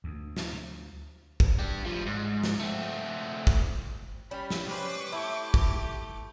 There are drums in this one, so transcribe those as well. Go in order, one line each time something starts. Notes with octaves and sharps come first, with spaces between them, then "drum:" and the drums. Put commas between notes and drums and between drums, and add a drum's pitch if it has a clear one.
D2
drum: snare
drum: kick
D4 G4
F3 G3
G#2
drum: snare
A3 C4
drum: kick
G3 C#4 B5 F6
drum: snare
C#4 B4 C5 D6
G3 A3 C4 E4 G4
G4, drum: kick